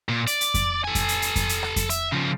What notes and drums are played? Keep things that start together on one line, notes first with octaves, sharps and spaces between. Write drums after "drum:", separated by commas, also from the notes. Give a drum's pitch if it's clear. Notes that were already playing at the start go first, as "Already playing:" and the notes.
A#2
D5, drum: hi-hat
drum: hi-hat
drum: kick F2, hi-hat
A4 G#5
drum: kick F2, hi-hat
drum: hi-hat
drum: hi-hat
drum: kick F2, hi-hat
drum: hi-hat
drum: rim click
drum: kick F2, hi-hat
E5, drum: hi-hat
C#3 F3